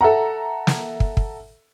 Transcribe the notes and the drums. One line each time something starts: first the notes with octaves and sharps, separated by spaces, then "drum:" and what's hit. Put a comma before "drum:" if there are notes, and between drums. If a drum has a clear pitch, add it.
A4 E5 F#5 A#5
drum: snare
drum: kick
drum: kick